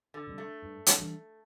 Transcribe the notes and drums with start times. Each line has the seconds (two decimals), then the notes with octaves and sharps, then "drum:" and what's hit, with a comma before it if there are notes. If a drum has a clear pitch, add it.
0.14 D3
0.27 C3 G3
0.38 A3
0.62 G2
0.86 drum: hi-hat
0.98 E3 G3 D4